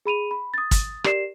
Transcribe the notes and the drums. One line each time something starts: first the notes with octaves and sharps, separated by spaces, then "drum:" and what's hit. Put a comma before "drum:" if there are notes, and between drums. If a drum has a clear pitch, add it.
G#4 B5 D#7 F7
B5
D#6 A6
drum: kick, hi-hat
G4 A#4 D5 C7 E7, drum: rim click